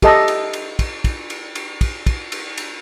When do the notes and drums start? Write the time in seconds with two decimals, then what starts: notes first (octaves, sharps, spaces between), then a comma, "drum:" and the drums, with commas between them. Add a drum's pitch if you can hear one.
0.02 G4 A4 D#5 A5, drum: kick, cymbal
0.28 drum: cymbal
0.53 drum: cymbal
0.79 drum: kick, cymbal
1.04 drum: kick, cymbal
1.30 drum: cymbal
1.55 drum: cymbal
1.81 drum: kick, cymbal
2.06 drum: kick, cymbal
2.32 drum: cymbal
2.57 drum: cymbal